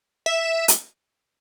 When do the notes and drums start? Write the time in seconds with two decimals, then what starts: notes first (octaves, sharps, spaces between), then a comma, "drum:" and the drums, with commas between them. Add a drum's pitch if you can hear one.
0.26 E5
0.68 drum: hi-hat